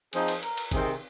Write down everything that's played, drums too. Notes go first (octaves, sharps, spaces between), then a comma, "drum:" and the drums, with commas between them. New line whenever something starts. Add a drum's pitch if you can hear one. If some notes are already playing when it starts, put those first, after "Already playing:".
F3 C4 D#4 G#4, drum: cymbal
drum: cymbal
A#4, drum: cymbal
drum: cymbal
C3 D#3 C4 G#4, drum: kick, cymbal